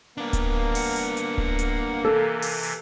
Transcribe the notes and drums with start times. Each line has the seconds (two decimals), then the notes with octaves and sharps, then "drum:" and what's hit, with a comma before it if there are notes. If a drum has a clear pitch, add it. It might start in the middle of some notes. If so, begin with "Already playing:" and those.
0.18 A#3 B3 D4
0.33 drum: kick D1, hi-hat
0.75 F#5, drum: open hi-hat
0.96 drum: hi-hat
1.17 drum: hi-hat
1.38 drum: kick D1
1.59 drum: hi-hat
2.05 C3 E3 A4
2.42 drum: open hi-hat
2.63 drum: hi-hat